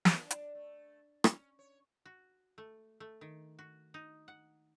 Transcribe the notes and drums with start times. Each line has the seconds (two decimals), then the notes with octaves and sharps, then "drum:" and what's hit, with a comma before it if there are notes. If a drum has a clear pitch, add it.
0.05 drum: snare
0.17 D4
0.31 drum: hi-hat
0.55 A3
1.24 C#4, drum: rim click
1.59 C#5
2.06 F#4
2.58 A3
3.00 A3
3.21 D#3
3.59 F#4
3.94 D#4
4.28 F#5